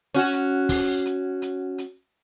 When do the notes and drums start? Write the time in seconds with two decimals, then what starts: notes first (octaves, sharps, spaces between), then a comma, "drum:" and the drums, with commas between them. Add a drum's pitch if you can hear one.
0.14 C#4 F#4
0.33 drum: hi-hat
0.69 drum: kick, open hi-hat
1.05 drum: hi-hat
1.42 drum: hi-hat
1.78 drum: hi-hat